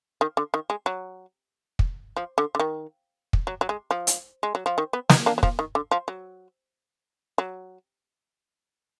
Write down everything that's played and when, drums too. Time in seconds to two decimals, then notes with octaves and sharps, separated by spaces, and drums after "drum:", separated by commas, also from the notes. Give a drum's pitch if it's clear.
0.21 D#3
0.37 D3
0.54 D#3
0.70 G#3
0.86 F#3
1.79 drum: kick
2.17 F3
2.38 D3
2.55 D3
2.60 D#3
3.33 drum: kick
3.47 F#3
3.61 F#3
3.69 G#3
3.91 F3
4.07 drum: hi-hat
4.43 G#3
4.55 F#3
4.66 F3
4.78 D#3
4.93 B3
5.09 B3 D#4, drum: snare
5.26 A#3 D4
5.38 F#3
5.43 F3, drum: kick
5.59 D#3
5.75 D3
5.91 F3
6.08 F#3
7.38 F#3